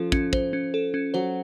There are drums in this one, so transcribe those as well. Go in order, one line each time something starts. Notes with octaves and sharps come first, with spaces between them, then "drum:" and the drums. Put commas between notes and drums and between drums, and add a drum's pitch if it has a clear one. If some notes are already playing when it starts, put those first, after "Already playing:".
Already playing: F3 C#4 A4 C5
C#4, drum: kick
C5, drum: kick
C#4
A4
C#4
F#3 C5